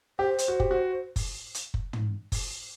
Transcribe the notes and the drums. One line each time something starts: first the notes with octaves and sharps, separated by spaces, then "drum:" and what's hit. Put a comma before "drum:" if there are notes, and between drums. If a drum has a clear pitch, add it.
G4 C5
drum: hi-hat
F#4
G4, drum: kick F#1
F#4
drum: kick F#1, open hi-hat
drum: hi-hat
drum: kick F#1
drum: tom
drum: kick F#1, open hi-hat